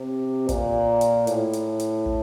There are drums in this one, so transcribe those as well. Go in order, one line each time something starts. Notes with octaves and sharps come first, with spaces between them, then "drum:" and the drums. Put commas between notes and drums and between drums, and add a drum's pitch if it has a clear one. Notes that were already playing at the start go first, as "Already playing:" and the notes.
Already playing: C3
A#2, drum: kick, hi-hat
drum: hi-hat
A2, drum: hi-hat
drum: hi-hat
drum: hi-hat
drum: kick